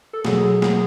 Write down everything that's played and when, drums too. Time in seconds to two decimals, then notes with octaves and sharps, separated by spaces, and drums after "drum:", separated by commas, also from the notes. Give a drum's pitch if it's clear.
0.13 A4
0.25 B2 F#3 G#4, drum: snare
0.62 G#4, drum: snare